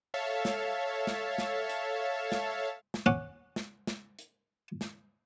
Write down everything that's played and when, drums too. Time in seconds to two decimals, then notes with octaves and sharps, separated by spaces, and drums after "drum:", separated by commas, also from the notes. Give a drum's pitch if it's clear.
0.14 A4 C#5 E5 F5 A5
0.45 drum: snare
1.07 drum: snare
1.38 drum: snare
1.70 drum: hi-hat
2.32 drum: snare
2.94 drum: snare
3.06 C#4 F#5 D6
3.56 drum: snare
3.87 drum: snare
4.19 drum: hi-hat
4.81 drum: snare